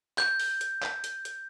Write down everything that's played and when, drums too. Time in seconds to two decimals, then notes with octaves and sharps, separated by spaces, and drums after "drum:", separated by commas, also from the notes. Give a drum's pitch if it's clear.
0.18 G6, drum: clap
0.40 drum: open hi-hat
0.61 drum: hi-hat
0.82 drum: clap
1.04 drum: hi-hat
1.25 drum: hi-hat